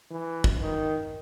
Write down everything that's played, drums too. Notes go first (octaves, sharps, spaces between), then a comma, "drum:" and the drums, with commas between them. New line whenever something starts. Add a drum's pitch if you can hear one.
E3
drum: kick
D#3